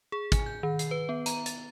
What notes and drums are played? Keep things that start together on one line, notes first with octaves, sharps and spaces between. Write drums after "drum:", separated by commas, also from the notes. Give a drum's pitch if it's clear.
G#4
G#5, drum: kick, hi-hat
G6
D#3
C7, drum: hi-hat
B4
B3
A#5, drum: hi-hat
A6, drum: hi-hat